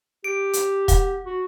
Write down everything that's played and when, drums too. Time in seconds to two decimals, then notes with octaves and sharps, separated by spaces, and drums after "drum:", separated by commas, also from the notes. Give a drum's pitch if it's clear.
0.24 G4 D7
0.53 drum: hi-hat
0.88 F#5, drum: kick, hi-hat
1.26 F#4